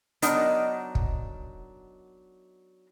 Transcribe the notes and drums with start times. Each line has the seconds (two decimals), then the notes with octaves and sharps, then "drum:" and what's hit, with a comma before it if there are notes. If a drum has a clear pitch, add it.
0.22 F#3 B3 D4 D#4 A#4 D#5, drum: hi-hat
0.95 drum: kick